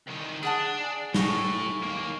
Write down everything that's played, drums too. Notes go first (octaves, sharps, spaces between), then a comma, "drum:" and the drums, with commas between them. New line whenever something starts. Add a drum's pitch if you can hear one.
C2 D#3
D4 G#4 F#5 A5
G#5
A2 C#6 A#6 G7, drum: snare
D#2 A#3